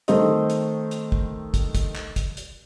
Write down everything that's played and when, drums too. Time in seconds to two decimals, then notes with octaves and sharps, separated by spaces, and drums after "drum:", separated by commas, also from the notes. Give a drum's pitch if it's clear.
0.08 D#3 A3 C4 A4 C5 D#5, drum: hi-hat
0.50 drum: hi-hat
0.91 drum: hi-hat
1.12 drum: kick
1.54 drum: kick, hi-hat
1.75 drum: kick, hi-hat
1.95 drum: clap
2.16 drum: kick, hi-hat
2.37 drum: hi-hat